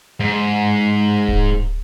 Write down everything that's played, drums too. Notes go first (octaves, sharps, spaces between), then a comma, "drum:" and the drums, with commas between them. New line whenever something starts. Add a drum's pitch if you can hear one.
G#2
drum: kick D1